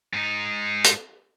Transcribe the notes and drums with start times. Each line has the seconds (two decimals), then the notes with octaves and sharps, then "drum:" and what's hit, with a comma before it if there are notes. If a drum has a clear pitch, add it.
0.13 G#2 D#4
0.84 drum: hi-hat